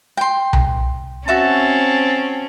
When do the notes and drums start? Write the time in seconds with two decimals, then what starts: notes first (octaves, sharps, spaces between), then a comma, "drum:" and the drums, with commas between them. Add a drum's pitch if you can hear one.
0.17 G5 C6
0.53 drum: tom C2
1.28 C4 C#4 F#4 E5 A5 C#6